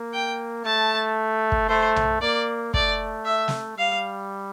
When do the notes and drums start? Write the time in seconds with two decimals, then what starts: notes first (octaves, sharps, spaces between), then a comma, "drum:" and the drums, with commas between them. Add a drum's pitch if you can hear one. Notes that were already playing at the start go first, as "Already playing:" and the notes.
Already playing: A#3
0.13 G5
0.65 A3 A5
1.52 drum: kick
1.69 A3 C5
1.96 drum: tom B1
2.21 A#3 D5
2.74 A3 D5, drum: kick
3.25 E5
3.48 drum: snare
3.77 G3 F5